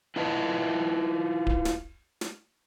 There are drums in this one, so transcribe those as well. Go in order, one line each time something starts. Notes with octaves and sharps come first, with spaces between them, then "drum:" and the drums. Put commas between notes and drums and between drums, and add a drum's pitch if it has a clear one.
E4 F4 B4 D#5 A5
drum: kick D1
drum: snare
drum: snare